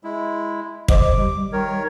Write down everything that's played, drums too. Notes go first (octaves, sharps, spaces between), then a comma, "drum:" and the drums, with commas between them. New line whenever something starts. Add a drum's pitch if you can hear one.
G#3 E4
C5 D#5 D6, drum: kick
G3
D#3 A#4 C#5